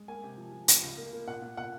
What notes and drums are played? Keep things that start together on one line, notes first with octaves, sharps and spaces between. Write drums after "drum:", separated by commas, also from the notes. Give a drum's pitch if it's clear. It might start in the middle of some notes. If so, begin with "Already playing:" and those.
Already playing: G#3
A#3 G#5
C3
F3
F3
F3, drum: hi-hat
C#2
A#3
A#3
A#2 F#5
A#2
A#2 F#5